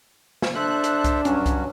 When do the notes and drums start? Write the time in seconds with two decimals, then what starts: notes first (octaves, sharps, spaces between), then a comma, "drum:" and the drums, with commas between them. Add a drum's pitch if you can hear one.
0.42 drum: snare
0.55 D4 A4 C5 E5 F#6
0.84 drum: hi-hat
1.04 drum: kick C2, hi-hat
1.25 G2 F#3 C#4 F#4, drum: hi-hat
1.46 drum: kick C2, hi-hat